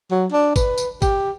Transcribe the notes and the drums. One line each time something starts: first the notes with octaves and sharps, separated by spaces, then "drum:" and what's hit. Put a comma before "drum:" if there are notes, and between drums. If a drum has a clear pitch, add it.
F#3
D4
B4, drum: kick, tambourine
drum: tambourine
G4, drum: kick, tambourine